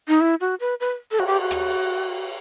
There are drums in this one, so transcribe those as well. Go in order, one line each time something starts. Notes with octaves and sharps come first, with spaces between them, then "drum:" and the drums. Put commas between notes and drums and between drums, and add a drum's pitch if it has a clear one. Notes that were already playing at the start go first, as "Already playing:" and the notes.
D#4
E4
F#4
B4
B4
A4
F#4, drum: cymbal
G4
F#4
drum: rim click